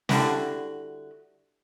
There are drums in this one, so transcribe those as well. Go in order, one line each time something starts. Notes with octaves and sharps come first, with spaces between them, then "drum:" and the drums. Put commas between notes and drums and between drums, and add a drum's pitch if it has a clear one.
D3 G3 E4 F#4, drum: snare